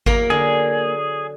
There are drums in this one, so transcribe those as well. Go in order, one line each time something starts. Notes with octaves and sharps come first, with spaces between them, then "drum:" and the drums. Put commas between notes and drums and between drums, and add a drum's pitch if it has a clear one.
E2 F#3 A#3 A#4 A#5, drum: kick G#1
D3 G#4